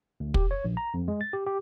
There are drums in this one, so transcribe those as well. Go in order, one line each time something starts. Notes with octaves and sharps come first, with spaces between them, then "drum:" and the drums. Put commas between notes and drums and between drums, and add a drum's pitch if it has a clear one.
D2
G4, drum: kick
C#5
A#1
A#5
F2
G#3
A6
G4
G4